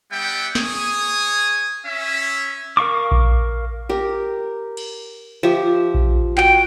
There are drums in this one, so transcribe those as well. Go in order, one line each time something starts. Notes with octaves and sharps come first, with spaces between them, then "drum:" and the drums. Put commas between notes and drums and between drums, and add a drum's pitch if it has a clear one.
G3 B3 E5 F#5 G5
G#4 C#5 G#5 D#6, drum: snare
C#4 E5
A#4 F5 C#6 D6
drum: kick A#1
G4 A#4
drum: cymbal
F3 G4 E5
drum: kick A#1
F#4 G5, drum: clap